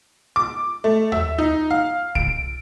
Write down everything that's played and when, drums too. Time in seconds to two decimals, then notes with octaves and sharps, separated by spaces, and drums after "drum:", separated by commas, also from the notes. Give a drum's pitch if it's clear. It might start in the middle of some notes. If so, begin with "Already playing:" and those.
0.36 D6
0.84 A3
1.12 E5, drum: tom D#2
1.38 D#4
1.71 F5
2.15 D7, drum: kick C2